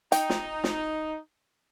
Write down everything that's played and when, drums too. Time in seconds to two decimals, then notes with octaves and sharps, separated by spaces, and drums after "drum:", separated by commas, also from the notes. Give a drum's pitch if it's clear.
0.12 D#4 G5, drum: hi-hat
0.30 drum: snare
0.64 drum: snare